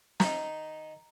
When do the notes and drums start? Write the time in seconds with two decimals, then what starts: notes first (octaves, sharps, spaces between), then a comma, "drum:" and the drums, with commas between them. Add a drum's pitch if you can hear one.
0.20 D#3 D#4 A#5, drum: snare